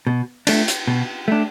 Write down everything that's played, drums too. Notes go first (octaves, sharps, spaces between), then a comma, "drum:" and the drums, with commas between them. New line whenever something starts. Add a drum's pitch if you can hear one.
B2
A3 D4, drum: cymbal
drum: hi-hat
B2
A3 D4